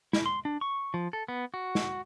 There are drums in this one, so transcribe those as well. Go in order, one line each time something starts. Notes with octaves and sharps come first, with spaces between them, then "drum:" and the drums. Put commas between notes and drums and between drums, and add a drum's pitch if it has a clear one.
E4, drum: snare
C6
D4
C#6
F3
A4
B3
F#4
drum: snare